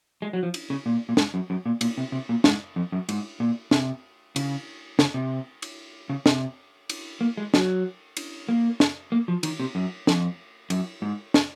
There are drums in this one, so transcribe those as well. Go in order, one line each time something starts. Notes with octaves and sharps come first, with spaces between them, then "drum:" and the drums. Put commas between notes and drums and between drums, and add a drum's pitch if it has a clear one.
G#3
F#3
F3
drum: cymbal
C#3
A#2
A#2
G#2, drum: snare
F#2
F#2
A#2
A#2, drum: cymbal
C3
C3
A#2
G#2, drum: snare
F2
F#2
G#2, drum: cymbal
A#2
C3, drum: snare
C#3, drum: cymbal
C#3, drum: snare
C3
drum: cymbal
C#3
C3, drum: snare
drum: cymbal
A#3
G#3
F#3, drum: snare
drum: cymbal
A#3
drum: snare
A#3
F3
D#3, drum: cymbal
C3
F#2
F2, drum: snare
F#2, drum: cymbal
G#2
drum: snare